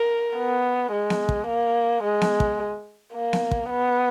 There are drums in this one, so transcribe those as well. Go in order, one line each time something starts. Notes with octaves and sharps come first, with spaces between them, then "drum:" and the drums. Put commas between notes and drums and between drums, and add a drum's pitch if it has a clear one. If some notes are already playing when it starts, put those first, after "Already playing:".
Already playing: A#4
B3
G#3
drum: snare B3
drum: kick
A#3
G#3
drum: snare B3
drum: kick
A#3
drum: snare B3
drum: kick
B3